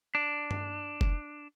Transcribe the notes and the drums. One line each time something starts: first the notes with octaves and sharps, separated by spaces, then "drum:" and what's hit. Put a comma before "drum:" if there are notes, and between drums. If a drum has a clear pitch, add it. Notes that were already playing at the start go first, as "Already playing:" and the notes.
D4
drum: tom G2
drum: kick